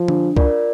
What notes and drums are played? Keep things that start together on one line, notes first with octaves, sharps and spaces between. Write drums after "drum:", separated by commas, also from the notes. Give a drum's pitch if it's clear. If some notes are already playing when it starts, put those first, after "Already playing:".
Already playing: F3
D4, drum: tom D3
F4 A#4 D5, drum: kick C2